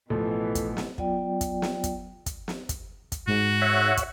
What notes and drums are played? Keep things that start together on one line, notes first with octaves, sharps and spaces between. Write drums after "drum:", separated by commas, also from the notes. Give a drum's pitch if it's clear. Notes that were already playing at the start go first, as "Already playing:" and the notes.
A1 B2 E3 F3 A4
drum: kick, hi-hat
drum: snare
F#3 B3 F4 D5 G5, drum: kick
drum: kick, hi-hat
drum: snare
drum: kick, hi-hat
drum: kick, hi-hat
drum: snare
drum: kick, hi-hat
drum: kick, hi-hat
G#2 F#4
C#5 E5 F#5
drum: kick, hi-hat